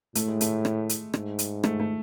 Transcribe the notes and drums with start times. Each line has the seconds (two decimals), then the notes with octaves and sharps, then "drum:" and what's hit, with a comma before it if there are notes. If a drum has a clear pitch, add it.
0.15 A2 A3, drum: hi-hat
0.28 G#3
0.41 A3, drum: hi-hat
0.65 drum: rim click
0.89 drum: hi-hat
1.14 G#2, drum: rim click
1.39 drum: hi-hat
1.64 A3, drum: rim click
1.80 A3